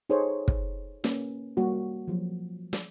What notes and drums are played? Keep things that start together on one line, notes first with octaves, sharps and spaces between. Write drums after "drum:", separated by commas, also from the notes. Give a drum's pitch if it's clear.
D#4 G#4 A4 C5 C#5
drum: kick
A#3 C#4 B4, drum: snare
G3 A#3 F#4
F3 F#3
drum: snare